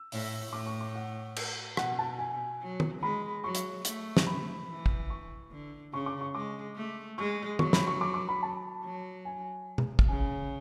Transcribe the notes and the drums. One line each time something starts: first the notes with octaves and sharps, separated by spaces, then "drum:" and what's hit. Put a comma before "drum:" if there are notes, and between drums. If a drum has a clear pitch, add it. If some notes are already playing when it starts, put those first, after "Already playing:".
Already playing: E6
A2, drum: open hi-hat
A2 D6
C#6
D6
F#5
drum: cymbal
B2 F#5, drum: rim click
A5
G#5
F#3
drum: tom
G#3 B5
F#3 C#6
drum: hi-hat
A3, drum: hi-hat
drum: snare
B5
E3
drum: kick
C#6
D3
C#3 C#6
D6
C#6
G#3 D6
A3
G#3 C#6
F#3 C#6, drum: tom
B5, drum: snare
C#6
D6
D6
B5
A5
F#3
G#5
drum: tom B2
drum: kick
C#3 G#5